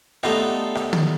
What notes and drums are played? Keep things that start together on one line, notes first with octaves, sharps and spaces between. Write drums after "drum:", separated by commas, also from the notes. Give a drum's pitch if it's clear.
G3 A3 B3 D#4 F4, drum: rim click
drum: rim click
drum: tom